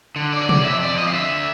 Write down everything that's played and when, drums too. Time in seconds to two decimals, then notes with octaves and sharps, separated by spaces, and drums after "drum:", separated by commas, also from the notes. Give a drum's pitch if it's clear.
0.16 D3
0.33 D5
0.40 F#3
0.49 D5, drum: tom
0.65 F2 E5
0.82 D5
0.90 F2
0.98 D#5
1.07 F5
1.13 D3 E5